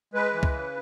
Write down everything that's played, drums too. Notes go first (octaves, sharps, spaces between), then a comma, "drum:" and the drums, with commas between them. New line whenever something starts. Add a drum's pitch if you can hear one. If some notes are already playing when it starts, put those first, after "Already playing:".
G#3 B4
E3
drum: kick
C#3